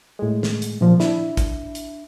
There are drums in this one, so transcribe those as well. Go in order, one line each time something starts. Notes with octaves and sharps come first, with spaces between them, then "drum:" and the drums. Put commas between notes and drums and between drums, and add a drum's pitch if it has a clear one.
A2 G#3
drum: snare
drum: hi-hat
A#2 F3
D4 E4, drum: snare
drum: kick, hi-hat
drum: hi-hat